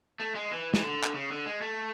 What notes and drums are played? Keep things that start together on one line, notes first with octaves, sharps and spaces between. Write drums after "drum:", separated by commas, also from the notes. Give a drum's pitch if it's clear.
A3
G#3
E3
E3, drum: snare
D3
drum: clap
C#3
D3
G#3
A3